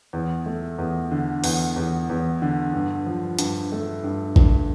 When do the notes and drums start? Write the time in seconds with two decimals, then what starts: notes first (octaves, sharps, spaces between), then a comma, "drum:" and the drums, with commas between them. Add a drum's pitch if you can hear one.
0.13 E2
0.46 A3
0.78 E2
1.11 D3
1.44 E2, drum: open hi-hat
1.76 E2
2.10 E2
2.42 D3
2.73 G2
3.06 F3
3.39 G2, drum: hi-hat
3.72 A3
4.04 G2
4.36 G2, drum: kick A1